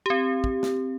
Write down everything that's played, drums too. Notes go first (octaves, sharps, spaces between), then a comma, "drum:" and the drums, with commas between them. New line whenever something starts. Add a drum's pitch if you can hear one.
C4 G4
drum: kick
drum: snare